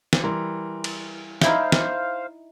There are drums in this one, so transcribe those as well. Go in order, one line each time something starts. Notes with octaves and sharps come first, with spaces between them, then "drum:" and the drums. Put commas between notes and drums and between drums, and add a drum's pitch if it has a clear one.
drum: snare
E3 G3 A#4 C6
drum: cymbal
D#4 E4 C5 E5 F5 G5, drum: snare
drum: snare